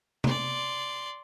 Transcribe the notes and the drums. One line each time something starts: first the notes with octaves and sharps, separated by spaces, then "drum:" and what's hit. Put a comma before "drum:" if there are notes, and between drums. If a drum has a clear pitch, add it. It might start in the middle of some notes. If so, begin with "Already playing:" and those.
D5 C6, drum: tom